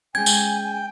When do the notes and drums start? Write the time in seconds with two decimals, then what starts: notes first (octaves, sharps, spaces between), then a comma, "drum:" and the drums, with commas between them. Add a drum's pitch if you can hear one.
0.15 G#3 C#4 G5 G#5 G#6
0.26 drum: tambourine